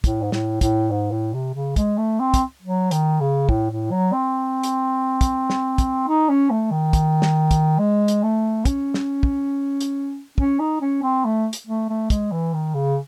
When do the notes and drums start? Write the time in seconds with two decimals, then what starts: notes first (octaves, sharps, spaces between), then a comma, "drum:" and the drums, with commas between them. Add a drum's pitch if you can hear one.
0.04 A2, drum: kick, hi-hat
0.22 G#2
0.32 A2, drum: snare
0.61 A2, drum: kick, hi-hat
0.91 G#2
1.11 A2
1.34 C3
1.55 C#3
1.76 G#3, drum: kick, hi-hat
1.97 A3
2.20 C4
2.34 drum: kick, hi-hat
2.62 F#3
2.91 D#3, drum: hi-hat
3.20 C#3
3.49 A2, drum: kick
3.70 A2
3.91 F#3
4.13 C4
4.63 drum: hi-hat
5.21 drum: kick, hi-hat
5.50 drum: snare
5.78 drum: kick, hi-hat
6.08 D#4
6.29 C#4
6.50 A3
6.71 D#3
6.93 drum: kick, hi-hat
7.22 drum: snare
7.51 drum: kick, hi-hat
7.79 G#3
8.08 drum: hi-hat
8.23 A3
8.65 C#4, drum: kick, hi-hat
8.94 drum: snare
9.23 drum: kick
9.81 drum: hi-hat
10.38 C#4, drum: kick
10.60 D#4
10.81 C#4
11.03 C4
11.25 A3
11.53 drum: hi-hat
11.67 A3
11.89 A3
12.10 G#3, drum: kick, hi-hat
12.32 E3
12.53 D#3
12.75 C#3